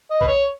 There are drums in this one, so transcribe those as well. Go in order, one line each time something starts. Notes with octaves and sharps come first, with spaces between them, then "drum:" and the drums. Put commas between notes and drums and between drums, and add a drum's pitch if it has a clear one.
D#5
B4, drum: kick B1
C#5